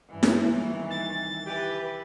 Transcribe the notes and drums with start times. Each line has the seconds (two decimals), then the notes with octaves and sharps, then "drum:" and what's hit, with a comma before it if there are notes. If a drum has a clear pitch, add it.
0.10 G2 E3
0.23 drum: snare E4
0.44 C2 D#3
0.90 A6
1.46 E3 G4 B4